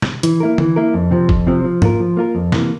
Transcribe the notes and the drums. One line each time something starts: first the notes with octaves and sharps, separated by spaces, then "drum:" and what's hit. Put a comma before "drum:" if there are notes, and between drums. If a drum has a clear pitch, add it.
drum: snare
E3, drum: hi-hat
A#3 E4 A#4
E3, drum: tom D3
A#3 E4 A#4
F2
C3 F3 C4
F2, drum: kick F#1
C3 F3 C4
F3
A#3 F4 A#4, drum: tom G#2
F3
A#3 F4 A#4
F2
C3 E3 A#3, drum: snare